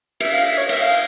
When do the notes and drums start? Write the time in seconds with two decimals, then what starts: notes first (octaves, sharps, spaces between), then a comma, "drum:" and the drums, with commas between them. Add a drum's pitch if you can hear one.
0.20 E5, drum: cymbal
0.32 F5
0.44 E5
0.57 C#5
0.69 E5, drum: cymbal
0.81 F5